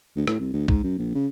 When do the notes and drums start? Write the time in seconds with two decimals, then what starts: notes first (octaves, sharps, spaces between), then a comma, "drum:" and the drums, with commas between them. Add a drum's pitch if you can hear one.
0.16 D2
0.27 A2, drum: rim click
0.40 C2
0.53 D2
0.68 G#2, drum: kick
0.83 F#2
0.98 A#1
1.14 C#3